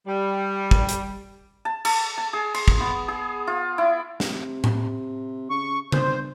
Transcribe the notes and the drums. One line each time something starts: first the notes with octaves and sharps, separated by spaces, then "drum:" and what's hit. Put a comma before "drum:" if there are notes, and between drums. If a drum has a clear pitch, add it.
G3
drum: kick
drum: hi-hat
A5
A4, drum: cymbal
A5
G#4
C6, drum: cymbal
drum: kick
B3
G#4
F4
E4
C3, drum: snare
drum: tom A2
C#3 C#6
G1 C5, drum: tom C#3